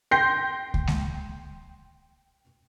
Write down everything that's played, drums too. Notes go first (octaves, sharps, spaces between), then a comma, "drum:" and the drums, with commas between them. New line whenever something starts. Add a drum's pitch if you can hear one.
G5 C6 G6 A#6 C7
drum: kick C#2
drum: snare G#3